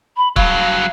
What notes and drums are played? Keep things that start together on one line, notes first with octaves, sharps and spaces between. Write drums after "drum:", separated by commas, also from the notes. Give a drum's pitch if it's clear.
B5
G2 F#3 F5, drum: kick